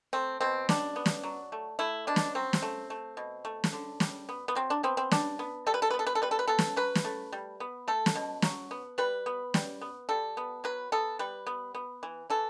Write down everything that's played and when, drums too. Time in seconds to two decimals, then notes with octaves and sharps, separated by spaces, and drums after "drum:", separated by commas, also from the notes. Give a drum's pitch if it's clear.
0.13 A3 C4
0.41 B2 C4
0.69 G3 D4, drum: snare
0.96 B3
1.06 drum: snare
1.23 F#3
1.52 A3
1.79 A3 E4
2.07 B2 D4
2.16 drum: snare
2.35 F#3 C4
2.53 drum: snare
2.62 A3
2.90 A3
3.17 B2
3.45 A3
3.64 drum: snare
3.73 D3
4.00 G3, drum: snare
4.29 B3
4.48 B3
4.55 F#3 C4
4.70 D4
4.83 B3 C4
4.97 C4
5.11 G3 D4, drum: snare
5.39 B3
5.66 G3 A4
5.74 B4
5.82 A4
5.90 B3 B4
5.99 A4
6.07 B4
6.15 A4
6.22 G3 B4
6.31 A4
6.39 B4
6.48 B3 A4
6.59 drum: snare
6.76 F#3 B4
6.95 drum: snare
7.05 A3
7.32 G3
7.60 B3
7.88 A3 A4
8.06 drum: snare
8.15 B2
8.42 F#3, drum: snare
8.71 B3
8.98 G3 B4
9.26 B3
9.54 G3, drum: snare
9.81 B3
10.09 G3 A4
10.37 B3
10.64 F#3 B4
10.92 B3 A4
11.19 G3 B4
11.47 B3
11.75 B3
12.03 E3
12.30 E3 A4